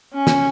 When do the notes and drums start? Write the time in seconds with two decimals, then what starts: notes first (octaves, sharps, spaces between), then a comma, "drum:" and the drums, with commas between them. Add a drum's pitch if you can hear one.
0.13 C#4
0.27 drum: snare